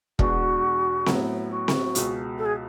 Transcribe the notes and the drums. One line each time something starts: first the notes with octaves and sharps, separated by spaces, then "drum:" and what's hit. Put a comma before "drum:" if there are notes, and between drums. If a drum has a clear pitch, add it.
E2 B2 G#3 D4 F#4, drum: kick E1
A2 F#3 B3 E4, drum: snare C4
F#4
drum: snare C4
C#2 B2 G#3, drum: hi-hat
A4
G#4